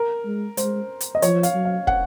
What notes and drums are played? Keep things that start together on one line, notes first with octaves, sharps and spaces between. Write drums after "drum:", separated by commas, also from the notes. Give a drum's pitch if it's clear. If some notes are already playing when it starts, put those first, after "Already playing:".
Already playing: A#4
G#3
G#3 C5, drum: hi-hat
drum: hi-hat
D#5
F3 C#5, drum: hi-hat
F5, drum: hi-hat
F#3
F5
F#5, drum: kick